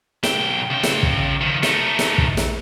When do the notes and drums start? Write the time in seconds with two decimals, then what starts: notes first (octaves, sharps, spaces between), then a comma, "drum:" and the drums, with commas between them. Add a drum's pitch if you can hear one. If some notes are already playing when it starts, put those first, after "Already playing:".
0.23 B1 G5, drum: snare
0.70 C#3 G5
0.83 drum: snare
1.03 drum: kick
1.41 D#3 F3
1.63 A3 D#4, drum: snare
1.99 drum: snare
2.18 drum: kick
2.37 drum: snare